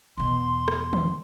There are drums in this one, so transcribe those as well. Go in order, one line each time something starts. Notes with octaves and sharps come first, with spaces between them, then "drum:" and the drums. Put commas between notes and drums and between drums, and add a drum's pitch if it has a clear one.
E2 B2 C6
drum: rim click
drum: tom